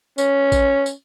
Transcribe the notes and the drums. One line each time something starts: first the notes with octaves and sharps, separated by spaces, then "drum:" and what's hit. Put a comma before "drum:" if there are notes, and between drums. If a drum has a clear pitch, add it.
C#4, drum: tambourine
drum: kick, tambourine
drum: tambourine